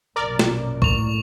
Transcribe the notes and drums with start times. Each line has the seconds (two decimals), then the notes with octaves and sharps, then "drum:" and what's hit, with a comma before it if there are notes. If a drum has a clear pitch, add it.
0.16 A#1 F#2 B2 A#4 D5
0.39 drum: snare
0.82 A2 C#6 F7, drum: kick B1